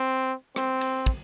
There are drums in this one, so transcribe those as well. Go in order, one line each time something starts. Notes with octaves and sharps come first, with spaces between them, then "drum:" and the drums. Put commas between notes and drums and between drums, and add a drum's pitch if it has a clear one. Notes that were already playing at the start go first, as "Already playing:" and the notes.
Already playing: C4
C4, drum: rim click
drum: cymbal
drum: kick